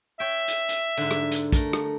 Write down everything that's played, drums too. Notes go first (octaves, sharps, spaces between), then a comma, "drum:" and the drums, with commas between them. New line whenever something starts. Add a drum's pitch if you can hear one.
C#5 E5 G5
drum: hi-hat
drum: hi-hat
G#2 D3
drum: rim click
drum: hi-hat
A3 A#4 A5, drum: kick, hi-hat
drum: rim click